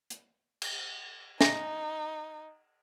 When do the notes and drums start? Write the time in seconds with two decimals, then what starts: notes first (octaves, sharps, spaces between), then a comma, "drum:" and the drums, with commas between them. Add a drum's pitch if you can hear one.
0.10 drum: hi-hat
0.62 drum: cymbal
1.41 D#4 A#6, drum: snare